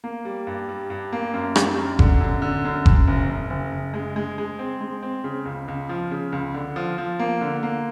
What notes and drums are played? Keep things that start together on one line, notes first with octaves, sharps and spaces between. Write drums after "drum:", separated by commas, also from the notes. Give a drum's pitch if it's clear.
A#3
G3
G2
G3
G2
A#3
F#2
G3, drum: rim click
F#2
D3, drum: kick F#1
F#2
D3
F#2
F#2, drum: kick F#1
F#1
F#1
F#1
F#1
G#3
G#3
G#3
C4
G#3
C4
C#3
C#2
C#2
F3
C#3
C#2
D3
F3
F3
A#3
D3
A#3